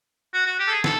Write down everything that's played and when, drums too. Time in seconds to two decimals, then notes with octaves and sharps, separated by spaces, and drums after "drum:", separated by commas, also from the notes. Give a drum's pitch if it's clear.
0.33 F#4
0.46 F#4
0.59 G4
0.68 A4
0.71 G#4
0.84 A4, drum: snare